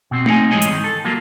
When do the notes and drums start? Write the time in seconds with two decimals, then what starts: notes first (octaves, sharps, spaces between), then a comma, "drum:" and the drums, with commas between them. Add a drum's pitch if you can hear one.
0.11 B2 C4
0.26 C4 D#4 F#5 G#5, drum: tom A3
0.51 G#2 E3 G#3 G#4 C#5 D#5
0.62 drum: hi-hat
0.71 D#3
0.84 A4
1.04 F#3 A#3 F4